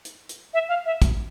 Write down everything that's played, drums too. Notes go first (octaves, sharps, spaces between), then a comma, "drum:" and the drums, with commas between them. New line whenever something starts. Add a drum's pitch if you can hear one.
drum: hi-hat
drum: hi-hat
E5
F5
E5
drum: kick, hi-hat